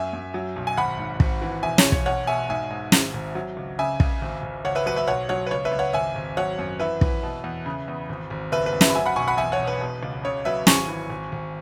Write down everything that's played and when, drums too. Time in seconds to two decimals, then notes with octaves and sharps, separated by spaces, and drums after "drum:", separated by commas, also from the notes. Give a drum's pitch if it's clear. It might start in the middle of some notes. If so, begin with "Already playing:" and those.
Already playing: F#2 E5 G#5
0.13 F#2
0.34 F#3
0.56 B1
0.67 G#5
0.77 G#1 F#5 B5
0.99 G#2
1.20 G#1, drum: kick
1.42 E3
1.63 E1 E5 G#5
1.78 C#5, drum: snare
1.85 E1
1.92 C#5, drum: kick
2.06 B1 C#5 F#5
2.27 B2 E5 G#5
2.49 G#2 E5 G#5
2.70 G#2
2.92 G#1, drum: snare
3.14 G#1
3.35 F#3
3.57 C#2
3.79 C#3 E5 G#5
4.00 C#2, drum: kick
4.22 G#1
4.43 G#1
4.65 C#2 C#5 F#5
4.75 B4 E5
4.86 F#3 B4
4.96 B4 E5
5.07 B1 C#5 F#5
5.29 F#3 C#5 F#5
5.47 B4
5.51 C#2 C#5
5.65 B4 E5
5.72 C#2
5.79 C#5 F#5
5.93 G#1 E5 G#5
6.15 G#1
6.37 F#3 C#5 F#5
6.59 F#2
6.79 E3 B4 E5
7.01 E3, drum: kick
7.23 B2
7.44 E2
7.66 C#3
7.88 E2
8.09 G#1
8.30 G#1
8.52 F#1 B4 E5
8.66 B4
8.73 F#2
8.81 B4 E5, drum: snare
8.90 B5
8.94 F#3 E5 G#5
9.06 F#5 B5
9.16 B1 G#5 C#6
9.28 F#5 B5
9.37 E2 E5 G#5
9.52 C#5 F#5
9.60 E1
9.67 B4
9.81 B2
10.03 C#2
10.24 C#3 C#5
10.45 F#3 B4 E5
10.67 G#1 G#5 C#6, drum: snare
10.88 E3
11.10 G#1
11.32 G#1